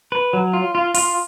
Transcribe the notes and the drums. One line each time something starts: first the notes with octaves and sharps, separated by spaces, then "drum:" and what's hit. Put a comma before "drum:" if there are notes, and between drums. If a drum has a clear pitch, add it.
B4
F#3
F4
F4
F4, drum: open hi-hat